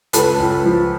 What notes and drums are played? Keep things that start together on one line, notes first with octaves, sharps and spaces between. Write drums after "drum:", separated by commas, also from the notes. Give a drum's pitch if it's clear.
C#2 A4 B4, drum: hi-hat
C#2
F3